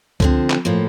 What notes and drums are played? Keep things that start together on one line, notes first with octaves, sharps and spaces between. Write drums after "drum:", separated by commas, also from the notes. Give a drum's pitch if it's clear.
D3 F3 C4, drum: kick C#2
drum: clap
A2 F3 A#3